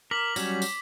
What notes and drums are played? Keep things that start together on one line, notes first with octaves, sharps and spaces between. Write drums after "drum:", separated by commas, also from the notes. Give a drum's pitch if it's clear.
A#4 D6 B6 F#7
F#3 G3 C#4, drum: tambourine
drum: tambourine